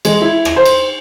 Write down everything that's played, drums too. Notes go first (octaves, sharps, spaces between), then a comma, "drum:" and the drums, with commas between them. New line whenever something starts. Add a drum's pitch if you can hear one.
G#3, drum: cymbal
E4
drum: rim click
C5
drum: cymbal